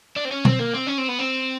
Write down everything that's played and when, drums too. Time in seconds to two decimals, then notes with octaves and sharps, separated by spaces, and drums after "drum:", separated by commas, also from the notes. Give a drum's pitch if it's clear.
0.16 D4
0.25 C4
0.31 C#4
0.45 C4, drum: tom B2
0.59 A#3
0.74 C4
0.87 C#4
0.98 C4
1.09 B3
1.19 C4